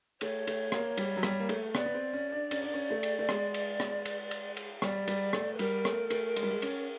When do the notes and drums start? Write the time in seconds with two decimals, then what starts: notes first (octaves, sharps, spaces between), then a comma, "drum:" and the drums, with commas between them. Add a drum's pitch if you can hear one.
0.21 A3 C#5, drum: cymbal
0.47 A3, drum: cymbal
0.72 A#3, drum: rim click
0.97 G3, drum: cymbal
1.17 F#3
1.23 G3, drum: rim click
1.39 A#3
1.49 A3, drum: cymbal
1.75 B3 D5, drum: rim click
1.86 B3
1.94 C4
2.13 C#4
2.32 D4
2.51 C#4, drum: cymbal
2.62 D4
2.74 C#4
2.91 A3
3.03 drum: cymbal
3.19 A3
3.29 G#3, drum: rim click
3.54 drum: cymbal
3.80 drum: rim click
4.05 drum: cymbal
4.31 drum: cymbal
4.57 drum: cymbal
4.82 G3 D5, drum: rim click
5.08 G3, drum: cymbal
5.33 A3, drum: rim click
5.55 B4
5.59 G3 A#4, drum: cymbal
5.85 A3, drum: rim click
6.10 A3, drum: cymbal
6.36 G#3, drum: cymbal
6.43 G3
6.50 G#3
6.62 C#4, drum: cymbal